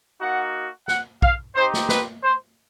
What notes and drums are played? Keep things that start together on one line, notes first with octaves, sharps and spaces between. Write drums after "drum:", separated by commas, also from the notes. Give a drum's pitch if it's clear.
A#3 D#4 F#4 F#5
F#5, drum: snare
F5, drum: kick
C4 D#4 G4 C5
drum: snare
B4, drum: snare
C5